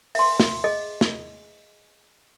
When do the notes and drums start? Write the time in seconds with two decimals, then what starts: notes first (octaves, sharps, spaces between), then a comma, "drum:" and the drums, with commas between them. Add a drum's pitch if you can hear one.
0.15 E5 C6, drum: open hi-hat
0.40 drum: snare
0.64 G#4 D#5
1.01 drum: snare